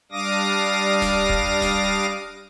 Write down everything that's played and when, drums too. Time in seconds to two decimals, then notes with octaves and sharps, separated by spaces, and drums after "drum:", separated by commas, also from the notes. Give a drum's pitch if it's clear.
0.12 G3 D4 F5 D6 D#6 A#6
1.02 drum: snare D1
1.29 drum: kick D#1
1.62 drum: snare D1